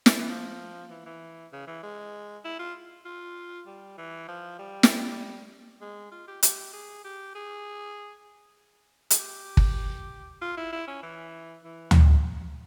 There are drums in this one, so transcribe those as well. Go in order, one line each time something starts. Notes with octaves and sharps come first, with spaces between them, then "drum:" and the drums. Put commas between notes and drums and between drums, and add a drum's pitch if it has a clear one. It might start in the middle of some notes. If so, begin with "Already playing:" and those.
drum: snare
E3
F3
E3
E3
C#3
E3
G#3
E4
F4
F4
G3
E3
F3
G3
drum: snare
G#3
F4
G4
G4, drum: hi-hat
G#4
G4
G#4
G#4, drum: hi-hat
G4
drum: kick
F4
E4
E4
C#4
E3
E3
drum: tom D2